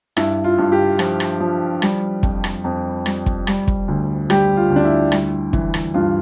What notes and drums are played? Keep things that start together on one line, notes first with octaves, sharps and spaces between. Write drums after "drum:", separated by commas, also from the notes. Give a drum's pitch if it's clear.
G2 E4, drum: rim click
F4
G2
G4
F3, drum: rim click
drum: rim click
F3
G3, drum: rim click
F2, drum: kick
drum: rim click
F2
G3, drum: rim click
drum: kick
G3, drum: rim click
drum: kick
D2
G3 G4, drum: rim click
F4
D2
D4
E4
G3, drum: rim click
E3, drum: kick
drum: rim click
G2 F4